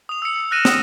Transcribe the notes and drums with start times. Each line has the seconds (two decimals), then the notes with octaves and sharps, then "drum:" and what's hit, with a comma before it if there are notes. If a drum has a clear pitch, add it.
0.09 D#6 F7
0.22 E6 C#7
0.36 C#7
0.51 F6 F#6 A#6 D#7 E7
0.65 D#6, drum: snare